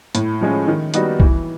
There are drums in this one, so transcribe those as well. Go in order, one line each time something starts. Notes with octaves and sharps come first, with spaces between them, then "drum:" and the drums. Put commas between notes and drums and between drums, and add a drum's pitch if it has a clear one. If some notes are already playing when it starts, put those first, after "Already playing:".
A2, drum: hi-hat
F3 G#3 C#4
D#3
G3 B3 D#4 F#4, drum: hi-hat
E3, drum: kick B1